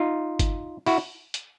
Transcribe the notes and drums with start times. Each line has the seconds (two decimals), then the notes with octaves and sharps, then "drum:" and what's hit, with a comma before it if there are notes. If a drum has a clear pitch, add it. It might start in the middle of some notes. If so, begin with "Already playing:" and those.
Already playing: D#4 F4
0.39 drum: kick G1, hi-hat
0.86 E4 F#4, drum: open hi-hat
1.34 drum: hi-hat